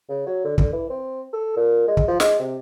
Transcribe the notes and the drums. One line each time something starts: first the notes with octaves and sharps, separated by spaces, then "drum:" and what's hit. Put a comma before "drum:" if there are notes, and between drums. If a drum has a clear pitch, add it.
C#3
F#3
D3
D3, drum: kick
E3
C4
A4
A#2
G#3
drum: kick
F3
G#3, drum: snare
C3